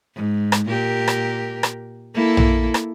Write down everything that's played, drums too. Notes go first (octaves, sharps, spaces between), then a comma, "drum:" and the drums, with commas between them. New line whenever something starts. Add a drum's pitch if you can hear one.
G#2
drum: rim click
A#2 G4 A#4
drum: rim click
drum: rim click
A#3 E4 A4
drum: tom A#1
drum: rim click